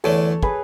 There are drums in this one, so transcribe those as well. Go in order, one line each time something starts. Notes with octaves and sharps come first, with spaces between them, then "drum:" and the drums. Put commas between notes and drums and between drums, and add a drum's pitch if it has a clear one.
E2 D3 A3 A4 C#5
G#4 B4, drum: kick